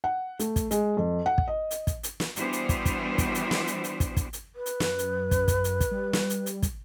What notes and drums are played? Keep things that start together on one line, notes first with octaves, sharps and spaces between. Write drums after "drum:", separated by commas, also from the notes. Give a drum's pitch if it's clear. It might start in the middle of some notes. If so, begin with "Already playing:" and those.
F#5
A3, drum: hi-hat
drum: kick, hi-hat
G#3, drum: hi-hat
F2
F#5
drum: kick
D#5
drum: hi-hat
drum: kick, hi-hat
drum: hi-hat
drum: snare
E3 G3 B3 D4 F#4 C5, drum: hi-hat
drum: hi-hat
drum: kick, hi-hat
drum: kick, hi-hat
drum: kick, hi-hat
drum: hi-hat
drum: snare
drum: hi-hat
drum: hi-hat
drum: kick, hi-hat
drum: kick, hi-hat
drum: hi-hat
B4
drum: hi-hat
F#2, drum: snare
drum: hi-hat
drum: kick, hi-hat
drum: kick, hi-hat
drum: hi-hat
drum: kick, hi-hat
G3
drum: snare
drum: hi-hat
drum: hi-hat
drum: kick, hi-hat